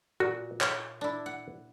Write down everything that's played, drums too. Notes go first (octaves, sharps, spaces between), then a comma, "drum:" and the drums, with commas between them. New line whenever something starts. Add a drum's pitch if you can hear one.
A#2 F#4
C#5, drum: clap
D4 E4
F#5